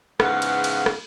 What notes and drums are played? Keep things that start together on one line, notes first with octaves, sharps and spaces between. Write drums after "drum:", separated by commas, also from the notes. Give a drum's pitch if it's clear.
E2 G#2 C#3 B3 F5 F#5, drum: rim click
drum: cymbal
drum: cymbal
drum: rim click